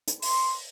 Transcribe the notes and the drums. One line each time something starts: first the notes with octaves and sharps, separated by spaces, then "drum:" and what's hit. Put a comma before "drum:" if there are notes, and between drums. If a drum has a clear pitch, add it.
drum: hi-hat
C6, drum: open hi-hat